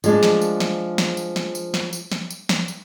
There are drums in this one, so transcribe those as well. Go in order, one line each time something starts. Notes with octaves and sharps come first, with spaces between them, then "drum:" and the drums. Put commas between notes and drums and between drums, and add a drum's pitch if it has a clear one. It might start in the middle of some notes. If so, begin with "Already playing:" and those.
F3 G#3 D4, drum: tambourine
drum: snare
drum: tambourine
drum: snare
drum: snare
drum: tambourine
drum: snare
drum: tambourine
drum: snare
drum: tambourine
drum: snare
drum: tambourine
drum: snare
drum: tambourine